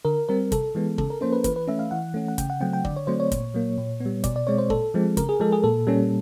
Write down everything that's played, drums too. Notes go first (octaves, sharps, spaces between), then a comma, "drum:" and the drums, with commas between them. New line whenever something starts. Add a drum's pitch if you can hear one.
D3 A#4
G3 C4 A#4
C3 A4, drum: kick, hi-hat
E3 G#3 B3
C#3 A4, drum: kick
A#4
F3 A#3 C#4 C5
B4
E3 B4, drum: kick, hi-hat
B4
A3 C#4 E5
F5
E3 F#5
A3 C#4
F#5
C#3 G5, drum: kick, hi-hat
F#5
F#3 A3 C4 G5
G5
D3 D5, drum: kick
C#5
F#3 A3 C4 C5
C#5
A#2, drum: kick, hi-hat
F#3 A#3
A#2
B3
G3
B2 D5, drum: kick, hi-hat
D5
G#3 C4 C#5
C5
A#2 A4, drum: kick
F3 G#3 C4
C#3 A#4, drum: kick, hi-hat
G#4
F3 G#3 A4
G#4
A#2 A4
G3 A#3 C#4 A4